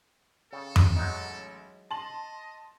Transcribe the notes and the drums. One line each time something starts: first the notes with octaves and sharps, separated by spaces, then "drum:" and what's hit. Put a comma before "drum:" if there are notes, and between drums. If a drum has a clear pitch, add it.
C#3 A4 G5
drum: tom F2
A1 F#3 G#3 D#4
D#5 A5 C6 F#7